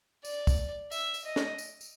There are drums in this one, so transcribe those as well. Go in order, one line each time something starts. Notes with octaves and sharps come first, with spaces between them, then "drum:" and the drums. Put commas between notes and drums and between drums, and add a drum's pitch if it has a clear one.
D5, drum: tambourine
drum: kick, tambourine
E5, drum: tambourine
drum: tambourine
D#5
drum: snare
drum: tambourine
drum: tambourine